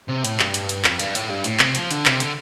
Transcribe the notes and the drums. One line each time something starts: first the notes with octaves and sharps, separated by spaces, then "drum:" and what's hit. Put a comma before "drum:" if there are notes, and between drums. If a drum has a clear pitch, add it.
C3
A2, drum: hi-hat
G2, drum: clap
drum: hi-hat
drum: hi-hat
F2, drum: clap
G2, drum: hi-hat
A2, drum: hi-hat
G2
A2, drum: hi-hat
C3, drum: clap
F3, drum: hi-hat
D3, drum: hi-hat
C3, drum: clap
D3, drum: hi-hat